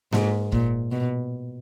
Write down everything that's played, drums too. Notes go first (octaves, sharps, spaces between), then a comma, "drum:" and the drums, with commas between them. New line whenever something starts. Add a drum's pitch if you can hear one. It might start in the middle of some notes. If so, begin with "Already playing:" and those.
G#2, drum: snare A#3
A#2, drum: kick
B2